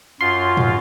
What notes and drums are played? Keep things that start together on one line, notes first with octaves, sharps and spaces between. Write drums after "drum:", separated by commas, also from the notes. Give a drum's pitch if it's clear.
F#2 F4 C6
drum: tom A2